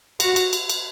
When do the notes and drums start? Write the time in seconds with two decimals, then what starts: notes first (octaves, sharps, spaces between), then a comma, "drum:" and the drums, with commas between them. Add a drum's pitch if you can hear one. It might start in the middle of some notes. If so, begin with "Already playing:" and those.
0.20 F#4, drum: cymbal
0.36 drum: cymbal
0.53 drum: cymbal
0.69 drum: cymbal